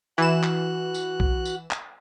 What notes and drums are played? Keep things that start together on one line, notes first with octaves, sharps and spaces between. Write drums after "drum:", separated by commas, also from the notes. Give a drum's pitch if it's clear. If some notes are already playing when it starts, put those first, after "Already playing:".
E3 F#4 F#6 E7
drum: clap
drum: tambourine
drum: kick B1
drum: tambourine
drum: clap